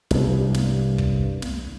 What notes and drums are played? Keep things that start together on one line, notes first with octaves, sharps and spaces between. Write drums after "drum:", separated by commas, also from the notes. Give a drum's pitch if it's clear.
C2 G2, drum: snare
drum: snare
drum: kick
drum: snare